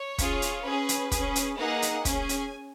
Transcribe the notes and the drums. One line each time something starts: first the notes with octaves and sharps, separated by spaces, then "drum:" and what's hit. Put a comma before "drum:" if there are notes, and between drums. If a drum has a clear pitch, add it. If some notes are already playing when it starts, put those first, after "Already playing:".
Already playing: C#5
C#4 F4 G#4, drum: kick, hi-hat
drum: hi-hat
C#4 G#4 B4
drum: hi-hat
G#4, drum: kick, hi-hat
C#4
drum: hi-hat
A#3 D#4 G#4 F#5
drum: hi-hat
C#4 G#4 G#5, drum: kick, hi-hat
drum: hi-hat